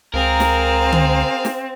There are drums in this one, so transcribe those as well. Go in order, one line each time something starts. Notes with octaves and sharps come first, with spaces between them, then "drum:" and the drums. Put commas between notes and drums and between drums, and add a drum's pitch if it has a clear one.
C#2 C4 G#4 A#4 F5
drum: snare
drum: tom D3
drum: snare